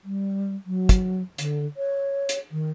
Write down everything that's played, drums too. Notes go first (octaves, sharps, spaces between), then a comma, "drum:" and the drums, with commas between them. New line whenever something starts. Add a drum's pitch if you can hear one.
G3
F#3
drum: kick, hi-hat
D3, drum: hi-hat
C#5
drum: hi-hat
D#3